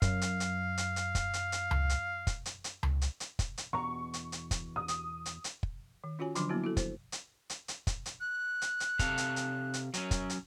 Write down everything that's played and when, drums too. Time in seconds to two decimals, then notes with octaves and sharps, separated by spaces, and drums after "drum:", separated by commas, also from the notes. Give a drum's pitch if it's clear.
0.02 F#2 F5, drum: kick, hi-hat
0.21 drum: hi-hat
0.40 drum: hi-hat
0.77 drum: hi-hat
0.96 drum: hi-hat
1.15 drum: kick, hi-hat
1.34 drum: hi-hat
1.52 drum: hi-hat
1.71 drum: tom C#2
1.90 drum: hi-hat
2.27 drum: kick, hi-hat
2.46 drum: hi-hat
2.64 drum: hi-hat
2.83 drum: tom C#2
3.02 drum: hi-hat
3.20 drum: hi-hat
3.39 drum: kick, hi-hat
3.58 drum: hi-hat
3.73 E2 B2 A#5 C#6
4.14 drum: hi-hat
4.32 drum: hi-hat
4.51 drum: kick, hi-hat
4.76 D#6
4.88 drum: hi-hat
5.26 drum: hi-hat
5.44 drum: hi-hat
5.63 drum: kick
6.04 D#3
6.19 C#4 F4 F#4 C#5 G#5
6.35 D3 F3 F#3 D4 C6 D6, drum: hi-hat
6.49 F#3 A#3 B3 E4 F#4
6.64 E4 F#4 A4
6.77 C5, drum: kick, hi-hat
7.12 drum: hi-hat
7.50 drum: hi-hat
7.68 drum: hi-hat
7.87 drum: kick, hi-hat
8.06 drum: hi-hat
8.20 F#6
8.62 drum: hi-hat
8.80 drum: hi-hat
8.99 C3 A4 F5, drum: kick, hi-hat
9.18 drum: hi-hat
9.36 drum: hi-hat
9.74 drum: hi-hat
9.94 F#3 C#4, drum: hi-hat
10.11 drum: kick, hi-hat
10.30 drum: hi-hat